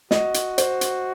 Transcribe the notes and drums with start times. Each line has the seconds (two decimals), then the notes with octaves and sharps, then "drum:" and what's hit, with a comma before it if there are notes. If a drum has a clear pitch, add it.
0.11 F#4 D#5, drum: snare
0.34 drum: hi-hat
0.58 C5, drum: hi-hat
0.81 drum: hi-hat